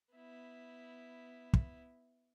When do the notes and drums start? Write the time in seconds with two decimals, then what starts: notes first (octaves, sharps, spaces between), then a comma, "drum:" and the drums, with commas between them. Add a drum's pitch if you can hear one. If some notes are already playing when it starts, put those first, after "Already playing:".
0.15 B3 E4
1.53 drum: kick